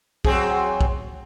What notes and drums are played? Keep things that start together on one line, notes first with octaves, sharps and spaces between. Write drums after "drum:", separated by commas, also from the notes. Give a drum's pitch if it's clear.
F#3 C4 G#4, drum: kick
drum: kick